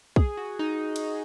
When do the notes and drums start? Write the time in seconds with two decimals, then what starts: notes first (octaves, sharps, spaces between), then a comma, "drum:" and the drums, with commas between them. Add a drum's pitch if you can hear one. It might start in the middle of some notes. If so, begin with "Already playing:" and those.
0.16 G#4, drum: kick
0.37 F#4
0.59 D#4
0.96 drum: cymbal